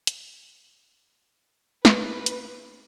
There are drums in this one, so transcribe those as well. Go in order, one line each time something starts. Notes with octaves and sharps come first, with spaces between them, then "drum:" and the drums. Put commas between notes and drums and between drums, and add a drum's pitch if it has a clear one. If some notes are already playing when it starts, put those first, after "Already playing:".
drum: hi-hat
B4, drum: snare
drum: hi-hat